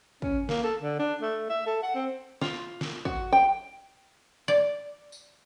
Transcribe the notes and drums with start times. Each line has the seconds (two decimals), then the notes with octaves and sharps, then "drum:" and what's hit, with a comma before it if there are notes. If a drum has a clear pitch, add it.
0.22 C#4, drum: kick
0.49 A#3, drum: snare
0.64 A4
0.82 D3
0.99 D4
1.22 A3
1.49 E5
1.66 A4
1.82 F#5
1.95 C4
2.41 F4, drum: snare
2.81 drum: snare
3.05 F#4, drum: kick
3.33 G5
4.48 D5
5.12 drum: tambourine